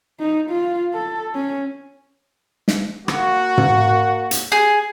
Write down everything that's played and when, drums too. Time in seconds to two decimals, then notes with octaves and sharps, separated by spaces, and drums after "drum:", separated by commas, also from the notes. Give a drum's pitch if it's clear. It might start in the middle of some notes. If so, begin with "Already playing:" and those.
0.20 D#4
0.50 F4
0.93 A4
1.35 C#4
2.68 drum: snare
3.08 A#3 F#4, drum: rim click
3.58 drum: tom
4.31 drum: hi-hat
4.52 G#4